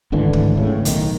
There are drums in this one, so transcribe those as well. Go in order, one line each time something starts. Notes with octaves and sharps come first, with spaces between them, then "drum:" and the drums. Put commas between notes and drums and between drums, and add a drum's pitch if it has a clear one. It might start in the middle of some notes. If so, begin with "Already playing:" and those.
D1 G#1 D3 E3
drum: kick
A2 C#3
B1 D#3, drum: hi-hat